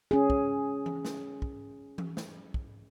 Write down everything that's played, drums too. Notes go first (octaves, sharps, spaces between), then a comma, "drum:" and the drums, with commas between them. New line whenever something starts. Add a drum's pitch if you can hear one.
C#4 G#4
drum: kick
drum: tom E3
drum: snare
drum: kick
drum: tom E3
drum: snare
drum: kick